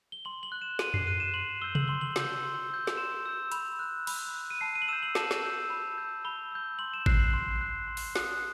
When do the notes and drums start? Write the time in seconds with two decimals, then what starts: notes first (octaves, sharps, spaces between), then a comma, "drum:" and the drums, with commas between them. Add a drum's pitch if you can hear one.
0.12 G7
0.25 C6 F#7
0.43 F#7
0.52 F#6
0.62 E7
0.79 C6 D#7, drum: snare
0.94 C7, drum: tom F2
1.07 F#6 D#7
1.20 E7
1.34 C6 F#7
1.62 E6 G6 G7
1.75 F#7, drum: tom C3
1.88 C6 G7
2.01 F#7
2.16 E6 G6, drum: snare
2.44 C6
2.70 E6 G6
2.87 drum: snare
2.97 C6 E7
3.26 E6 G6
3.52 B5, drum: hi-hat
3.79 F#6
4.07 B5, drum: cymbal
4.34 F#6
4.50 D#7
4.61 A5 C7
4.75 D#7
4.82 F#7
4.88 E6 G6 E7
5.03 F#7
5.15 A5 E7, drum: snare
5.31 drum: snare
5.43 E6 G6
5.70 B5
5.98 E6 G6
6.25 B5 G7
6.52 E6 G6
6.79 C6 F#7
6.94 E7
7.06 F#6 C7, drum: kick G#1
7.20 C7
7.34 C6
7.61 F#6
7.88 C6
7.97 drum: open hi-hat
8.16 D#6 F#6, drum: snare